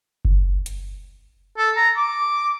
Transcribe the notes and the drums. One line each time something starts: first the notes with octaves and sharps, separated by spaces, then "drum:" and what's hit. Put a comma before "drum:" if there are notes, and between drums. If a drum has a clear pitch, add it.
drum: kick F#1
drum: hi-hat
A4
A#5
D6